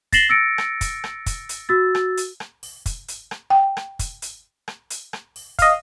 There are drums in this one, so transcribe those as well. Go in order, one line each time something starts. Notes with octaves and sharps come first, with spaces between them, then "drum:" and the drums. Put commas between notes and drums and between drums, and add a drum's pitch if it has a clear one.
A6 A#6 C7 E7 F#7 G7, drum: kick, hi-hat
E6 A6 A#6 C#7 D7
drum: rim click
drum: kick, hi-hat
drum: rim click
drum: kick, hi-hat
drum: hi-hat
F#4 E6 A6
drum: rim click
drum: hi-hat
drum: rim click
drum: open hi-hat
drum: kick, hi-hat
drum: hi-hat
drum: rim click
G5
drum: rim click
drum: kick, hi-hat
drum: hi-hat
drum: rim click
drum: hi-hat
drum: rim click
drum: open hi-hat
D#5 F5, drum: kick, hi-hat